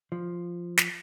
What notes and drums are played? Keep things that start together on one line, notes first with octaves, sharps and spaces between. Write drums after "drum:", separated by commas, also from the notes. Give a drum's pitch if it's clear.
F3
drum: snare